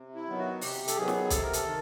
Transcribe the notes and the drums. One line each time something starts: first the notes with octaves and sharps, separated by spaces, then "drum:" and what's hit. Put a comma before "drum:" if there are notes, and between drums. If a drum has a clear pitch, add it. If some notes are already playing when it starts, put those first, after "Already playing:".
Already playing: C3
E4
D#3 F#3 B3
F#4
C3 G4, drum: open hi-hat
A4, drum: hi-hat
D#3 F#3 B3 G#4
drum: snare
C3 A4, drum: kick B1, hi-hat
A#4
A4, drum: hi-hat
D#3